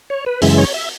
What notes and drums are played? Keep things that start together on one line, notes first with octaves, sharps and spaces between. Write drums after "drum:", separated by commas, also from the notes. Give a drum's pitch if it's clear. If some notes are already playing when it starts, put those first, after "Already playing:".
C#5
B4
F#2 C#3 E3 G#3 E5, drum: open hi-hat
C#5
E5